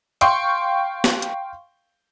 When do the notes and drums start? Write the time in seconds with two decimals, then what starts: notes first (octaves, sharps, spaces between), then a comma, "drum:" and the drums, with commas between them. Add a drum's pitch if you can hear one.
0.21 F5 G5 C6 C#6, drum: hi-hat
1.04 drum: snare
1.22 drum: hi-hat